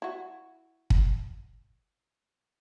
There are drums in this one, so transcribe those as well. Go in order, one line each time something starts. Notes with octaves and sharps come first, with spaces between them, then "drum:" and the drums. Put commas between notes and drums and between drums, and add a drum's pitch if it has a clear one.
E4 F#4
drum: kick